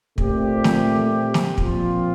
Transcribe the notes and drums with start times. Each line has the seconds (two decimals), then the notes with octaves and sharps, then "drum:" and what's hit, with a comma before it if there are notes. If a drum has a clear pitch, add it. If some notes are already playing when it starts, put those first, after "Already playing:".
0.18 A#2 A3 C4 G4, drum: kick
0.64 drum: snare
1.34 drum: snare
1.58 A#2 F3 C4 F4, drum: kick